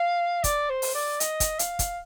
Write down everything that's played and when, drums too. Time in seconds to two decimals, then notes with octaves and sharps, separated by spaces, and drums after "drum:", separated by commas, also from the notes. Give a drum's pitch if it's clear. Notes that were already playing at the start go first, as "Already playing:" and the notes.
Already playing: F5
0.44 D5, drum: kick, hi-hat
0.70 C5
0.82 drum: open hi-hat
0.95 D5
1.20 D#5, drum: hi-hat
1.40 drum: kick, hi-hat
1.59 F5, drum: hi-hat
1.79 drum: kick, hi-hat